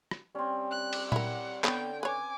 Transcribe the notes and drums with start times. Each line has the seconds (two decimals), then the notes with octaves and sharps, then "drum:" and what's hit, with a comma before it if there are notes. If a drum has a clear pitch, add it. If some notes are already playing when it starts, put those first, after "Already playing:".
0.11 drum: rim click
0.35 G3 C4 C#4
0.72 F#6
0.93 drum: cymbal
1.12 E4 A#4 F#5, drum: tom A#2
1.64 D3 B3 C#5 G5, drum: clap
2.03 B4 C#5 G#5 D6